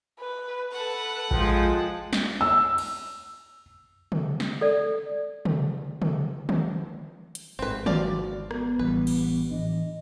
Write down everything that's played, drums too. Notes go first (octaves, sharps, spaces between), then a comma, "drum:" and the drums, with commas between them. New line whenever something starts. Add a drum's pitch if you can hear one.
B4
A4 B4 F#5
F3 G#3 G5, drum: kick A1
drum: snare
E6
drum: cymbal
drum: tom
drum: snare
A4 D5
drum: tom
drum: tom
drum: tom
drum: hi-hat
G#1 G#2 C4 B4
F3 F#4 D5 F5, drum: tom
B3, drum: rim click
A1 E3 G3 B4
drum: cymbal
A2 E3 D4 D#5